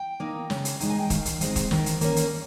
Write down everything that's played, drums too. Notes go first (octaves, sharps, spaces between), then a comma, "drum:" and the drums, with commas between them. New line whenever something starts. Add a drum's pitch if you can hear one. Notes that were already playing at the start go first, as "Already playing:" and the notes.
Already playing: G5
A#3 D#4
C#3, drum: snare
drum: hi-hat
G#3 D#4, drum: hi-hat
G#5
G5
D#3 F5, drum: kick, hi-hat
drum: hi-hat
G#3 C4 D#4, drum: hi-hat
drum: kick, hi-hat
D#3, drum: snare
drum: hi-hat
A#3 C#4, drum: hi-hat
drum: hi-hat